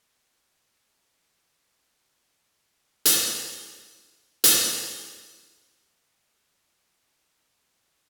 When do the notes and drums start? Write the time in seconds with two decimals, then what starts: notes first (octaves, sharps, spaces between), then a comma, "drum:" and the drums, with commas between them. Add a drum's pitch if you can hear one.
0.18 F#3 G#3 C#4 D#4 G#4 D5
3.05 drum: hi-hat
4.10 A2 E3 A#3
4.44 drum: hi-hat
6.12 F3 G3 A#3 C#4 A#5 B5
6.39 D5 F#5 E6